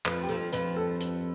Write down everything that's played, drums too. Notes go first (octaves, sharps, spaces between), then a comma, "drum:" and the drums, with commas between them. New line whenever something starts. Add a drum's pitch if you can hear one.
F2 F3 B4, drum: clap
G4
F2 F3 A4
F2 F3 B4, drum: hi-hat
A4
drum: hi-hat